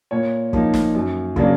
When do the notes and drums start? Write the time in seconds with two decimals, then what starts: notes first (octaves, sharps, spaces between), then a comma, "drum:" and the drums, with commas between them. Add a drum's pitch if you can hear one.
0.11 A#2 C#5
0.53 F3 A#3 D#4, drum: kick
0.74 drum: snare
0.95 F#2
1.36 C#3 F#3 A#3 D4, drum: kick